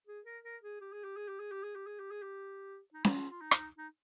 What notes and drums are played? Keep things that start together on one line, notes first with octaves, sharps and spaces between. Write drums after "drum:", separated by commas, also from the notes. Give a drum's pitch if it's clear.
G#4
A#4
A#4
G#4
G4
G#4
G4
G#4
G4
G#4
G4
G#4
G4
G#4
G4
G#4
G4
D#4
F4, drum: snare C#4
F4
D#4
drum: rim click
D#4